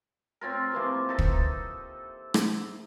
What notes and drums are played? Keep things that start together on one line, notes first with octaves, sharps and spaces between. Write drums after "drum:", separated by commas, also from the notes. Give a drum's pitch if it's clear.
C4 C#4 F4 A#4
C3 E3 F3 A#3
D#4 A4 E5
drum: kick
drum: rim click